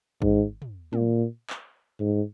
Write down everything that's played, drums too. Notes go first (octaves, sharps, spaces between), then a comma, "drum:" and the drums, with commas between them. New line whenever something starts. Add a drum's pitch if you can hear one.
G#2, drum: kick
drum: tom
A#2, drum: tom
drum: clap
G#2